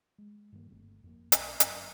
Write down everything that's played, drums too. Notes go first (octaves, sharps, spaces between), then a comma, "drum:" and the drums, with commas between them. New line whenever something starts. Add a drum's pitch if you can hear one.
G#3
G2 D#3 G3 A#3
G1 A3 C4
F2 A#3
B1, drum: hi-hat
G1 F#2, drum: hi-hat